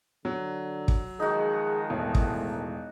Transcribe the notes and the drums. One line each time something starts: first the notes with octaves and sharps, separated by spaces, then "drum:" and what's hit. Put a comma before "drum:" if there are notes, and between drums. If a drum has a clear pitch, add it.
D3 F#3
drum: kick
D#3 F3 G#3 D#4 F#4 G#4
E1 A2
drum: kick